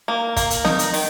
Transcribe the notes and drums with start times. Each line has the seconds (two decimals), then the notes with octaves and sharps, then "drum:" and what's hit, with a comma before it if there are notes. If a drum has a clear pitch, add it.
0.08 A#3
0.37 A#3, drum: kick, hi-hat
0.50 drum: hi-hat
0.65 D#4, drum: snare
0.79 drum: hi-hat
0.94 D#3, drum: open hi-hat